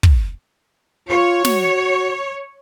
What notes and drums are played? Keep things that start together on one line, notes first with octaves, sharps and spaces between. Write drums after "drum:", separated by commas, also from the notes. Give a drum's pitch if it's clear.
drum: kick
F4 C#5
F#4, drum: snare